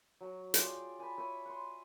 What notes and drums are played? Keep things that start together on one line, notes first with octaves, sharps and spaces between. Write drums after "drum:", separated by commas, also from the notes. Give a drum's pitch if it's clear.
F#3 A#5
F4 G#4 D5 G5, drum: hi-hat
D5 G#5 A5 B5
C#5 E5 G#5 B5
F#5 C6